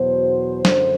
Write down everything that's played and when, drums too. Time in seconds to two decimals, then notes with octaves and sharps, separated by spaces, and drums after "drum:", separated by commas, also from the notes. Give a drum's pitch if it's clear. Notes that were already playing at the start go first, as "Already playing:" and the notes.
Already playing: E2 B2 F#3 C5
0.65 F#2 D3 F#3, drum: snare